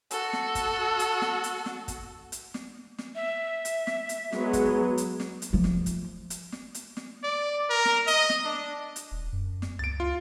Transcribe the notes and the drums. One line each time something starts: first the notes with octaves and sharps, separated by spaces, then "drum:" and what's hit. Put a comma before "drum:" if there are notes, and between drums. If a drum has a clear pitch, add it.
F#4 A4, drum: hi-hat
drum: snare
drum: kick, hi-hat
drum: hi-hat
drum: snare
drum: hi-hat
drum: snare
drum: kick, hi-hat
drum: hi-hat
drum: snare
drum: snare
E5
drum: hi-hat
drum: snare
drum: hi-hat
F#3 G#3 B3, drum: snare
drum: kick, hi-hat
drum: hi-hat
drum: snare
drum: hi-hat
F3 A3
drum: snare
drum: kick, hi-hat
drum: hi-hat
drum: snare
drum: hi-hat
drum: snare
D5
A#4
drum: snare
D#5, drum: hi-hat
drum: snare
D4
drum: hi-hat
D#1
F#2
drum: snare
C#2 A6 D7
F4